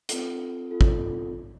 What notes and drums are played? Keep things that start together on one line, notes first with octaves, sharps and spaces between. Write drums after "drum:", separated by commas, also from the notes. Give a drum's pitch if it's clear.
C4 F4 A4, drum: hi-hat
C4 F4 A4
drum: kick